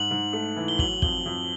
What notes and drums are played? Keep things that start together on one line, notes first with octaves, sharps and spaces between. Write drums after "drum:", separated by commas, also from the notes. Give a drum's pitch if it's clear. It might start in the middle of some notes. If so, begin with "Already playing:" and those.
Already playing: G#2 F#7
G#2
A3
E3
G7
F#3 F#7, drum: kick
F2 G7, drum: kick
F2